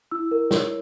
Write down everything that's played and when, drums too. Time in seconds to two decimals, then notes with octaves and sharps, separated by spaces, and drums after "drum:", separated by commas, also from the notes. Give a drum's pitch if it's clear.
0.11 E4 E6
0.31 A#4
0.51 C#5, drum: snare